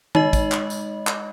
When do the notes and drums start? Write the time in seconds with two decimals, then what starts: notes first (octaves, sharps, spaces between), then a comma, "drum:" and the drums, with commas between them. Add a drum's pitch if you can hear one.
0.15 G#3 D#4 D#5, drum: tom D#3
0.33 drum: kick, tambourine
0.52 drum: clap
0.70 drum: tambourine
1.07 drum: clap